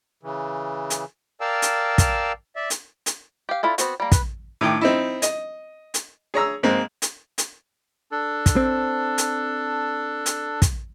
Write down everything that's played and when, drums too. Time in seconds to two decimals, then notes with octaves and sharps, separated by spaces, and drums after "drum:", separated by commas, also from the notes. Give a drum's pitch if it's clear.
0.23 C#3 E3
0.90 drum: hi-hat
1.41 A#4 D5 F5 G5 A5 E6
1.62 drum: hi-hat
1.98 drum: kick, hi-hat
2.56 D5 E5
2.70 drum: hi-hat
3.06 drum: hi-hat
3.49 G4 F5
3.63 D4 E4 F4 A4
3.78 B3 C4 F#4, drum: hi-hat
4.00 G3 A#3
4.12 B4, drum: kick, hi-hat
4.61 A2 D#3 G5 D6
4.81 C4 D#4 E4
5.22 D#5, drum: hi-hat
5.94 drum: hi-hat
6.34 G#4 C#5 A#5 E6
6.63 G#2 G#3 A#3 C4
7.02 drum: hi-hat
7.38 drum: hi-hat
8.12 D4 A4
8.46 drum: kick, hi-hat
8.56 C4
9.18 drum: hi-hat
10.26 drum: hi-hat
10.62 drum: kick, hi-hat